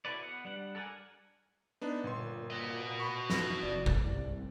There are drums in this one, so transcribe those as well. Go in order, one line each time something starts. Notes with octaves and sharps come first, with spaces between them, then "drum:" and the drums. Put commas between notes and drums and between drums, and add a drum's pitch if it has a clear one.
E4 F#4 A4 B4 D5
B3 F#5
G3 D4 F#5
A4 A#4 D5 F#5 G#5
B3 D4 D#4
G1 A#2 C6
F#4 D#5
B5 C#6
drum: snare
F1 D5
drum: kick G1
C2